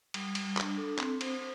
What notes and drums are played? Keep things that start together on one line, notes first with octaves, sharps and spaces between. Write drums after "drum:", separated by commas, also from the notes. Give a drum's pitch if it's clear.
G3, drum: cymbal
G3, drum: cymbal
D4, drum: clap
A4
C4, drum: clap
C5, drum: cymbal